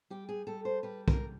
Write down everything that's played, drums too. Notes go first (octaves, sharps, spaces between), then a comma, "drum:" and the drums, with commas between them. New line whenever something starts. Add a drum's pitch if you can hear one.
G3 G4
G#4
G3 A4
C5
G3 B4
A#4, drum: kick